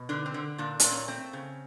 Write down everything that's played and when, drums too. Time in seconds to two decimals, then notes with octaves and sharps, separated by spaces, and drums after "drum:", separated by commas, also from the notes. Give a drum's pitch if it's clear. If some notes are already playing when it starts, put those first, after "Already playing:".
Already playing: B2
0.09 D3 D4
0.26 C4
0.34 D3
0.58 A#2 D4
0.80 A#2 D4, drum: hi-hat
0.92 C#4
1.08 A3 C4
1.33 C#3